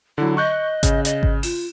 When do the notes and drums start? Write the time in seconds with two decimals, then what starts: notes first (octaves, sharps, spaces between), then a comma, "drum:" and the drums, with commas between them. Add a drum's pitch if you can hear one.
0.18 D3 F#3 E4
0.37 D#5 C#6 F#6 G6
0.83 C#3, drum: kick G#1, hi-hat
1.05 D#5, drum: hi-hat
1.23 drum: kick G#1
1.43 F4 E7, drum: open hi-hat